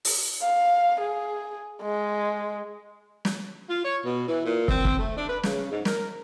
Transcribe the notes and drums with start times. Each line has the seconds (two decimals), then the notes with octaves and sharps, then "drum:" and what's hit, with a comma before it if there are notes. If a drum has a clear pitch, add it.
0.05 drum: open hi-hat
0.42 F5
1.00 G#4
1.82 G#3
3.25 drum: snare
3.69 F4
3.84 C#5
4.05 B2
4.28 E3
4.46 A#2
4.68 C4, drum: kick
4.85 drum: kick
4.99 A3
5.17 D4
5.29 B4
5.43 C#3, drum: snare
5.71 G#2
5.85 A#4, drum: snare